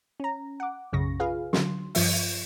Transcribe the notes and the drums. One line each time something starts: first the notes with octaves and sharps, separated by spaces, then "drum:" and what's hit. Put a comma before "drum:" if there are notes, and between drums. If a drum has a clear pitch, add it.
C#4 A#5
F#5 D6
B1 F#2 C#3 C#6 A#6
F4 G#4 B4 F5
D3 F#3 C6, drum: snare
G2 F3 E5, drum: open hi-hat